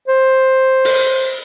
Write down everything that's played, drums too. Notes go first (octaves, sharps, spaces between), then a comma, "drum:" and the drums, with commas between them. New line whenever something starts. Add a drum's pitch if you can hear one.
C5
drum: open hi-hat